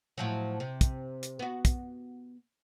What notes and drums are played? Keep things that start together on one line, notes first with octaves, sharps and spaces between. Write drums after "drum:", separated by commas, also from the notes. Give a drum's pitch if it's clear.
A2 F3 F#3
C3
drum: kick, hi-hat
drum: hi-hat
B3 F#4
drum: kick, hi-hat